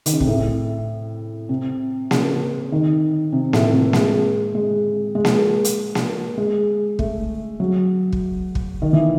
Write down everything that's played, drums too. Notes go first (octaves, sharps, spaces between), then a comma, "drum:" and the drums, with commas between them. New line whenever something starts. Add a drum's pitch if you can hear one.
D#3, drum: hi-hat
C#3
C3, drum: kick
A2
C3
C#3, drum: snare A#3
D#3
C3
A2, drum: snare A#3
C3
G#3, drum: snare A#3
G#3
G#3
drum: snare A#3
drum: hi-hat
drum: snare A#3
G#3
A3, drum: kick
F#3
drum: kick
drum: kick
D#3
E3